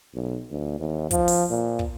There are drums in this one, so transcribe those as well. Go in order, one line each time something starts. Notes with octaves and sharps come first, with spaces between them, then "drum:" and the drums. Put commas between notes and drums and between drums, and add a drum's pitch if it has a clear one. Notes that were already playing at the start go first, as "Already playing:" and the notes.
B1
D2
D#2
F3, drum: kick, hi-hat
drum: open hi-hat
A#2
drum: kick